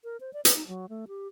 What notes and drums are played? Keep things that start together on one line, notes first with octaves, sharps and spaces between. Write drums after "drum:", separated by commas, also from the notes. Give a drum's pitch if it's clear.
A#4
C5
D5
B4, drum: hi-hat
D#4
F#3
A3
G4